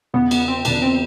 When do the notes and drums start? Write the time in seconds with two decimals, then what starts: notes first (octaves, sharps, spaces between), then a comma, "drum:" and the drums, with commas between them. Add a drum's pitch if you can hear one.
0.13 E2 C#3 E3 B3
0.31 B3, drum: cymbal
0.48 C4
0.65 E2 C#3 E3 D4, drum: cymbal
0.82 C4